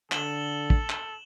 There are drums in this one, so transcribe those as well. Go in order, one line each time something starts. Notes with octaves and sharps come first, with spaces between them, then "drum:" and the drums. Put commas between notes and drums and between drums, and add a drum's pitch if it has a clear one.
D3 A4 E7 F#7 G7, drum: clap
drum: kick
drum: clap